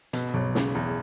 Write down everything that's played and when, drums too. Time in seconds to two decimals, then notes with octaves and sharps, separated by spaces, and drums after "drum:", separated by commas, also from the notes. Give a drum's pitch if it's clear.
0.13 B2, drum: hi-hat
0.34 B1
0.55 C#3, drum: snare
0.75 E2